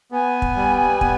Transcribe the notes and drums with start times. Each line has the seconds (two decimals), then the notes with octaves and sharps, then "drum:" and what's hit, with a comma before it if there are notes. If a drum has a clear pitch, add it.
0.12 B3 G#5
0.42 drum: kick
0.56 G3
1.01 B3, drum: kick